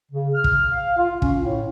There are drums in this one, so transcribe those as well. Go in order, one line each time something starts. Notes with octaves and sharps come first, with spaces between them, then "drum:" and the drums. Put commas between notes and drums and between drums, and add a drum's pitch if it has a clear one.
C#3
F6
drum: kick
F5
F4
C#4, drum: kick
A2